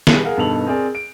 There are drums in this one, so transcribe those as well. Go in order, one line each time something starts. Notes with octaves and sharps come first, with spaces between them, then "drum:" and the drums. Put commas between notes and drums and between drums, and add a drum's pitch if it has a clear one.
B2 G3 G#4, drum: snare
G#4 A#4 F5 F#5
G2 B2 D#3 A4 F7 F#7
C4 G#4 A#4 D5 G#5
D7